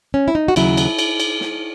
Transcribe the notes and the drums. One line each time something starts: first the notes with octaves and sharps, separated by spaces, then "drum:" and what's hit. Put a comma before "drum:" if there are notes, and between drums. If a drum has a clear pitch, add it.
C#4
E4
D#4
F#4
D#2 C#3 F#3 E4, drum: cymbal
drum: cymbal
drum: cymbal
drum: cymbal
drum: snare